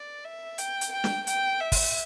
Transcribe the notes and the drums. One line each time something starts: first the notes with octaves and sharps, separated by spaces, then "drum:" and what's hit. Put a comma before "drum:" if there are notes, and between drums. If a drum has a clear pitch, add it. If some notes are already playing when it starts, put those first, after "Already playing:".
Already playing: D5
E5
G5, drum: hi-hat
drum: hi-hat
G5
drum: snare
G5, drum: hi-hat
E5
drum: kick, open hi-hat